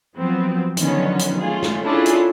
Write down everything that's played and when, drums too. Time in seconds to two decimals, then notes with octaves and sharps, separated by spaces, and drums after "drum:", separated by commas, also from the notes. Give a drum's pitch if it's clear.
0.16 F3 F#3 B3 C4
0.77 D3 D#3 F3 F#3 B3 C#4, drum: hi-hat
1.19 drum: hi-hat
1.41 A3 C#4 F4 G#4
1.63 drum: snare
1.84 C#4 D4 E4 F4 G#4 A4
2.06 drum: hi-hat